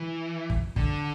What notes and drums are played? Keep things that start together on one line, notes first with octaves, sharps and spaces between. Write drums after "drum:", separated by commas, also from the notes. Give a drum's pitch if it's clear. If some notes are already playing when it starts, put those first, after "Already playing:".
Already playing: E3
drum: kick
D3, drum: kick